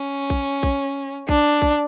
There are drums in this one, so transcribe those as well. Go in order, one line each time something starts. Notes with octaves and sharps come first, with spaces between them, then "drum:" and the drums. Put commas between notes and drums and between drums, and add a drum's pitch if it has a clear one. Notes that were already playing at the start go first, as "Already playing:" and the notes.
Already playing: C#4
drum: kick A#1
drum: kick A#1
D4, drum: kick A#1
drum: kick A#1